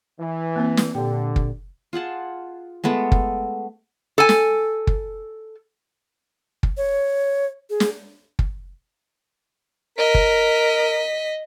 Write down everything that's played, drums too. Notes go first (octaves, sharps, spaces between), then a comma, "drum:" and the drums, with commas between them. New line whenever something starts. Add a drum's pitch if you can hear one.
E3
A#3 C4 B4
drum: snare
A#2 D3 G4 G5
drum: kick
F4 G#4 F#5 A5
G#3 A3 B3 A4
drum: kick
A4 G#5
drum: snare
drum: kick
drum: kick
C#5
G#4
drum: snare
drum: kick
A#4 D#5 B6
drum: kick